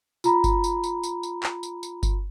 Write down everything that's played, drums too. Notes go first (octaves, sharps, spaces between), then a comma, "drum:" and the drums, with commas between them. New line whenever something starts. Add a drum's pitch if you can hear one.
F4 A#5 B5, drum: tambourine
drum: kick G1, tambourine
drum: tambourine
drum: tambourine
drum: tambourine
drum: tambourine
drum: clap
drum: tambourine
drum: tambourine
drum: kick G1, tambourine